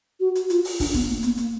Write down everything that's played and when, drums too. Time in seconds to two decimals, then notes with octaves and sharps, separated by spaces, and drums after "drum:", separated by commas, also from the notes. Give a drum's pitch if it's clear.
0.20 F#4
0.35 drum: hi-hat
0.50 F4, drum: hi-hat
0.65 drum: open hi-hat
0.80 D4, drum: kick, open hi-hat
0.94 B3, drum: kick, hi-hat
1.09 A#3
1.23 B3, drum: hi-hat
1.37 A#3, drum: hi-hat